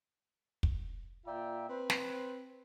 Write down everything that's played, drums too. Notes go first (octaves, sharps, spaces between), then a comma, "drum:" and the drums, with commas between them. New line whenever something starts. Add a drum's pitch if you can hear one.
drum: kick
A#2 F4 D5 E5 G5 A#5
C4 B4 C5
drum: snare